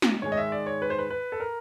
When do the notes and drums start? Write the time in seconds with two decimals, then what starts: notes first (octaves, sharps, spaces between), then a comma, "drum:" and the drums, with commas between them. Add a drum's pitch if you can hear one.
0.02 drum: snare
0.22 G#2 D#3 G#3 C#5
0.32 D#5
0.37 E5
0.52 D5
0.66 C#5
0.82 B4
0.90 C5
0.98 B4
1.10 B4
1.32 A4
1.40 A#4